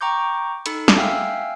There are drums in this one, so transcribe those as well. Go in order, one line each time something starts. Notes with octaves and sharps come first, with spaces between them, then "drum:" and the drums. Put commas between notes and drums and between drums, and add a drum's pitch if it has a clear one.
G5 A#5 C#6 D6 G6
D#4 A4 B5 C#7, drum: hi-hat
drum: snare
E5 F5 G5 G#5 E6 F6